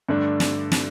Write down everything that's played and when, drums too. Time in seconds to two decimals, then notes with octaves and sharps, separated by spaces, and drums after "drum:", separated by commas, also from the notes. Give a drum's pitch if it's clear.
0.09 G2 D3 A3 D4
0.40 drum: snare
0.72 drum: snare